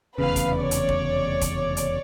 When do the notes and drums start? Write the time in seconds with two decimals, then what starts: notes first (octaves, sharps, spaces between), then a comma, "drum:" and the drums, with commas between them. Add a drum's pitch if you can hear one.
0.18 F1 E2 C#3 B4 F5
0.36 drum: kick, hi-hat
0.58 C#5 D5
0.71 drum: hi-hat
0.89 drum: kick
1.41 drum: kick, hi-hat
1.77 drum: hi-hat